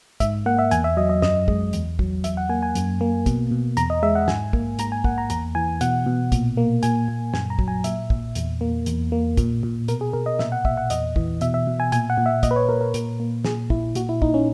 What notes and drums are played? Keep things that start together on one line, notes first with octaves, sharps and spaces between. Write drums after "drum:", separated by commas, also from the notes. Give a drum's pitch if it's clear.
G#2 E5, drum: kick, hi-hat
A#3 F#5
E5
E2 G#5, drum: hi-hat
E5
F#3 D#5
D#5
F#2 D#5, drum: snare
G#3, drum: kick
E2, drum: hi-hat
F#3, drum: kick
E2 E5, drum: hi-hat
F#5
A#3 G#5
G#5
F#2, drum: hi-hat
A#3
B2, drum: kick, hi-hat
B2
E2 A#5, drum: hi-hat
D#5
G#3 E5
F#5
G#2 G#5, drum: snare
A#3, drum: kick
G#2 A#5, drum: hi-hat
G#5
A#3 F#5, drum: kick
A#5
E2 A#5, drum: hi-hat
E3 G#5
B2 F#5, drum: hi-hat
B2
A#2, drum: kick, hi-hat
A#3
A#2 G#5, drum: hi-hat
A#2
F#2 G#5, drum: snare
A#5
F#3, drum: kick
G#5
A#2 E5, drum: hi-hat
A#2, drum: kick
E2, drum: hi-hat
A#3
E2, drum: hi-hat
A#3
A#2, drum: kick, hi-hat
A#2
B2 A#4, drum: hi-hat
G#4
B2 A#4
D#5
A#2 E5, drum: snare
F#5
A#2 E5, drum: kick
F#5
E2 D#5, drum: hi-hat
E3, drum: kick
B2 E5, drum: hi-hat
E5
B2
G#5
A#2 G#5, drum: hi-hat
F#5
A#2
E5
A#2 D#5, drum: kick, hi-hat
B4
C#5
A#2 A#4
A#4
A#2, drum: hi-hat
A#3
A#2 G#4, drum: snare
A#2 E4, drum: kick
A#2 F#4, drum: hi-hat
E4
A#2 D#4, drum: kick
C#4